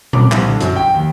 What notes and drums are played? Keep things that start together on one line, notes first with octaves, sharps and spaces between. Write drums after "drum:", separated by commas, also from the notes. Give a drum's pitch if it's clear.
D6, drum: tom A#2
C2, drum: clap
D3
F#2, drum: hi-hat
G5
D#2